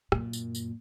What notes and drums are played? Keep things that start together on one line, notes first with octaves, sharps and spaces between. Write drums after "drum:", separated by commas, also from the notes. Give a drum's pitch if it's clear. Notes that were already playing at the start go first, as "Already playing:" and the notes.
F#2 A#2, drum: rim click
drum: tambourine
drum: tambourine